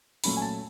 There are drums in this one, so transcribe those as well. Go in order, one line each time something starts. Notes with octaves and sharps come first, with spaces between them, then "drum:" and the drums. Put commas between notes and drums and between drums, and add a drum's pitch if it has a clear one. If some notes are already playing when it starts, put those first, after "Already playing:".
A#2 F#3 A3 C#4 B5, drum: open hi-hat
G#5
A5